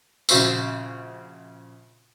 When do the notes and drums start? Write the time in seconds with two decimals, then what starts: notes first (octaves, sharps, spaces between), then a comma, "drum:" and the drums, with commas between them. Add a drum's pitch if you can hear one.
0.29 A#1 C#3 F#4 C5 C#6 E6, drum: tambourine